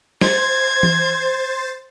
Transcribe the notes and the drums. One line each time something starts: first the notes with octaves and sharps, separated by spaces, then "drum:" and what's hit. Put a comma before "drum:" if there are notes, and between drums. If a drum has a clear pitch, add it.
C5 G#6 A6, drum: snare
drum: tom E3